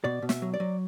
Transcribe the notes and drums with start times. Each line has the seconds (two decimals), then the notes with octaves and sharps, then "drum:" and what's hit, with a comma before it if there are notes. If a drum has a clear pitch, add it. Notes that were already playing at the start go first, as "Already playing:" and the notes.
0.04 B2 D5
0.22 B2
0.29 E5, drum: snare
0.42 F#3
0.54 D5
0.60 F#3